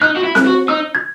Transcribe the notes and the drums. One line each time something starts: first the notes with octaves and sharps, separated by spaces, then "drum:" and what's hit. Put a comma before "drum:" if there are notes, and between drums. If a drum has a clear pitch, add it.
D#4 F#6
F#4
E4
F#6, drum: snare C4
F#4
D#4 E6
G#6